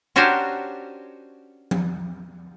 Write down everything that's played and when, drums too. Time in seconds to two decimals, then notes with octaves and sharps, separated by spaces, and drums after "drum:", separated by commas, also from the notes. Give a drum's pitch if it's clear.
0.16 C#4 D4 F#4 G4 A#4 C5
1.71 drum: tom F3